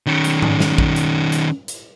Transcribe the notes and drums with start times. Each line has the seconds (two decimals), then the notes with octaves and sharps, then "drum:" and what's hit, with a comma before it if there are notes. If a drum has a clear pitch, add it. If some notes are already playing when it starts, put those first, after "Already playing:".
0.06 D#3 C#4
0.24 drum: hi-hat
0.42 drum: tom G#2
0.60 drum: snare
0.78 drum: kick
0.96 drum: hi-hat
1.32 drum: hi-hat
1.68 drum: hi-hat